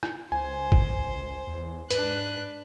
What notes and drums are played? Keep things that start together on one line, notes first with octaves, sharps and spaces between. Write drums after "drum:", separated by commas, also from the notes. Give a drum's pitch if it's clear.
drum: rim click
C#2 C5 G#5
drum: kick
E2
G#2 D4 B4 F#6, drum: hi-hat